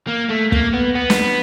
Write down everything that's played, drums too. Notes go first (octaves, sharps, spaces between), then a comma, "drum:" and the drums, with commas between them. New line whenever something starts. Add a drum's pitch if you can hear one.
A#3
A3
A#3, drum: kick
B3
B3
drum: snare